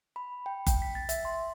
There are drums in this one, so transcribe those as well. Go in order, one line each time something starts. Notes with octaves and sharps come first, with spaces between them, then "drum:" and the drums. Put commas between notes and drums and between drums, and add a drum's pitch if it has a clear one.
B5
G5
G5, drum: kick F#1, hi-hat
B6
A6
E5, drum: hi-hat
C6